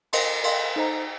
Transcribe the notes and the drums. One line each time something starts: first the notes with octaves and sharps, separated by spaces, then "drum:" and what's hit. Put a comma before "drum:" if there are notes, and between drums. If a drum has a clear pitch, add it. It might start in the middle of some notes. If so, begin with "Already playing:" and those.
A#4 F5 C6, drum: cymbal
A#4 F5 C6, drum: cymbal
D#4 A4 C5 D#5 A#5